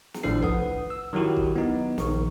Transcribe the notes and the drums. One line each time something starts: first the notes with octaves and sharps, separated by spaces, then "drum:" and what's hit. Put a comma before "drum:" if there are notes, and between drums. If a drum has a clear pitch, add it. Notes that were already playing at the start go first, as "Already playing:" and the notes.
drum: snare
G#1 A2 F3 D4 A4 C7
B4 F#5 D#6, drum: kick
E6
D#3 F#3 E4 F#4 G4
drum: kick
B3 D#4
A#1 D#3 C#6, drum: snare